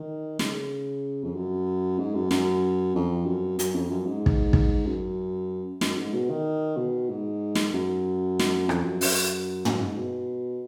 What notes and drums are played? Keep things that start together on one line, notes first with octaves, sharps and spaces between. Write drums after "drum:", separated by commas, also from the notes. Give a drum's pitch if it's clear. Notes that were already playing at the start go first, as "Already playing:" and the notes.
Already playing: D#3
C#3, drum: snare
F2
F#2
G#2
F#2
F#2, drum: snare
F2
F#2
F#2, drum: hi-hat
F2
F#2
G#2
drum: kick
drum: kick
F#2
F#2, drum: snare
G#2
B2
D#3
B2
G#2
drum: snare
F#2
drum: snare
F2, drum: rim click
F#2
F#2, drum: open hi-hat
F#2, drum: tom
G#2
B2